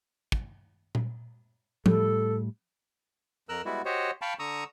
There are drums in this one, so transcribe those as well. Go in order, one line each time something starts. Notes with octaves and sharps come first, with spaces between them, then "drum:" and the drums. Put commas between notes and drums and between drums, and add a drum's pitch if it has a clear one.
drum: kick
drum: tom A#2
A2 G3 A4, drum: tom F3
F2 A#4 E6 F#6
G3 G#3 B3 E4 F#4
F#4 G4 C5 C#5 D#5
F5 G5 A5 B5 C#6
D3 A#5 C#6 D#6 E6